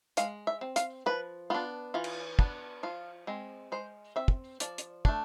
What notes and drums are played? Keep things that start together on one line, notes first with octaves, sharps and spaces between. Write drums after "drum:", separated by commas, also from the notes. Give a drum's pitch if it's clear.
G#3 F5, drum: hi-hat
E5
C4
F5, drum: hi-hat
F3 B4
B3 D4 F4
E3 F4
drum: cymbal
B3 D4, drum: kick
F3 F4
G#3 C4
G#3 C5
C4 E5
drum: kick
F3 D5, drum: hi-hat
drum: hi-hat
A3 D4, drum: kick